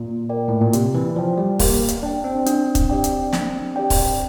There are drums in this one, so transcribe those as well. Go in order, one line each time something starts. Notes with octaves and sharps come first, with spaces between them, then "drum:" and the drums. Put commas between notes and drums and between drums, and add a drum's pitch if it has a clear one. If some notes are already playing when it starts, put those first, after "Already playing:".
Already playing: A#2
A#4 D5 G5
A2
A#2
C3 G4, drum: hi-hat
E3
F3 D5 G5
G3
A#3 G4, drum: kick C#1, open hi-hat
drum: hi-hat
D4 D5 G5
C4
D4, drum: hi-hat
drum: kick C#1, hi-hat
G4 D5 G5
drum: hi-hat
D4, drum: snare
G4 D5 G5
drum: kick C#1, open hi-hat